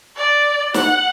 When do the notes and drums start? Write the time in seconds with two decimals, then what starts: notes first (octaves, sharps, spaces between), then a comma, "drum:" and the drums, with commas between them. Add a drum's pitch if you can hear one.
0.17 D5
0.74 F#5, drum: snare